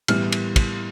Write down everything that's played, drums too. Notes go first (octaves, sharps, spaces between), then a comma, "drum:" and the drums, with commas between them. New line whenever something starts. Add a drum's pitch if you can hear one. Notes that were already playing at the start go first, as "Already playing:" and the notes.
A2 E3 G3 B3 F6, drum: cymbal
drum: cymbal
drum: kick, cymbal